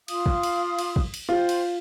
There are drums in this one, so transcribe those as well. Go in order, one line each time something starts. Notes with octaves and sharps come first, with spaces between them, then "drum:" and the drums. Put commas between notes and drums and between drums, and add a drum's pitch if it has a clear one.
F4 F5 D#6, drum: cymbal
drum: kick
drum: cymbal
drum: cymbal
drum: kick
drum: cymbal
F4 C5 G5
drum: cymbal